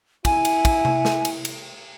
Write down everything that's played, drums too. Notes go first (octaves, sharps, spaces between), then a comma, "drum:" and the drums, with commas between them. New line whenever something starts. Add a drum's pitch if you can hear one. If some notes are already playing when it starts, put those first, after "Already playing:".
E4 G#5, drum: kick, cymbal
drum: cymbal
drum: kick, cymbal
drum: tom C3
drum: snare
drum: cymbal
drum: cymbal